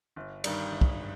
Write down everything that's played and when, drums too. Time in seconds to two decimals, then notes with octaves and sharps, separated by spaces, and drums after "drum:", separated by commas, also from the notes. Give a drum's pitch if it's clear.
0.16 G1
0.44 G2 D#3 G3, drum: cymbal
0.72 G1
0.81 drum: kick